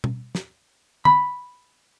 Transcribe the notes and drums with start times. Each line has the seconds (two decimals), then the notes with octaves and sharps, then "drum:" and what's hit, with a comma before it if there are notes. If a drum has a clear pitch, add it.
0.04 drum: tom B2
0.35 drum: snare
1.05 B5, drum: tom D3